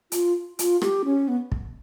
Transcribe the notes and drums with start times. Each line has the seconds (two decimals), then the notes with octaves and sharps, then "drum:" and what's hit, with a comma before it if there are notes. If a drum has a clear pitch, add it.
0.12 F4, drum: hi-hat
0.59 F4, drum: hi-hat
0.82 G4, drum: rim click
1.05 C#4
1.28 B3
1.52 drum: kick